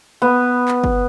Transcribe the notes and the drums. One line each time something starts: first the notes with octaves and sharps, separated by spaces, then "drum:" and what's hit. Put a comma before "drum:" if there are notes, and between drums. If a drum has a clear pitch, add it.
B3
drum: clap
drum: kick